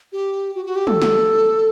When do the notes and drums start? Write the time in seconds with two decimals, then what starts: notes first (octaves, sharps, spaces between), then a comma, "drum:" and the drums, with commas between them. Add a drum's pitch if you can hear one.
0.12 G4
0.55 F#4
0.65 F#4
0.76 G4
0.87 A4, drum: tom
1.02 drum: snare